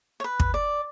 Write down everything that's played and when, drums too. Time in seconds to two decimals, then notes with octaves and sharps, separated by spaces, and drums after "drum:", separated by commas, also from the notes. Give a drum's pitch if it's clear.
0.20 C#5
0.24 B4
0.40 drum: kick
0.54 D5